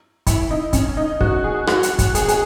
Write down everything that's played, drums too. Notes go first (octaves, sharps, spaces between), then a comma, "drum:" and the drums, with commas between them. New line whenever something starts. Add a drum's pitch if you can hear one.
E4, drum: kick, hi-hat
D#4
C#4, drum: kick, hi-hat
D#4
F#4, drum: kick
G#4
F#4, drum: rim click
drum: hi-hat
drum: kick, hi-hat
G#4, drum: hi-hat
G#4, drum: hi-hat